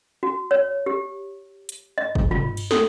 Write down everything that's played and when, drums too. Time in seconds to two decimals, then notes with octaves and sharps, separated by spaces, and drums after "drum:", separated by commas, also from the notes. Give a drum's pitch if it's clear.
0.23 F#4
0.51 C#5
0.86 G4
1.69 drum: hi-hat
1.98 D#5
2.15 drum: kick
2.31 F4, drum: tom
2.57 drum: cymbal
2.71 A4, drum: snare